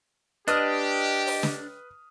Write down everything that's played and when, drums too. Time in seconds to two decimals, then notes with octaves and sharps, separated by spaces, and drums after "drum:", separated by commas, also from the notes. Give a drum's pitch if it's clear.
0.48 D4 G4 B4 D#5 D#6 F6, drum: hi-hat
1.27 drum: open hi-hat
1.43 drum: snare